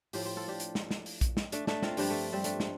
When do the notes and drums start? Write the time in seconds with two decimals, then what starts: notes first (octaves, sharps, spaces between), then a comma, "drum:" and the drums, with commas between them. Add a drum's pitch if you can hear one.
0.13 A2 F3 G4 C5, drum: open hi-hat
0.25 G4 C5
0.37 F4 A4
0.48 D4 G4
0.60 drum: hi-hat
0.75 drum: snare
0.91 drum: snare
1.06 drum: open hi-hat
1.21 drum: kick A#1, hi-hat
1.37 drum: snare
1.52 A3 D4, drum: hi-hat
1.67 A3 D4, drum: snare
1.82 C4 F4, drum: snare
1.97 G2 F3 D4 G4, drum: open hi-hat
2.10 A3
2.33 G3 C4
2.44 A3 D4, drum: hi-hat
2.60 drum: snare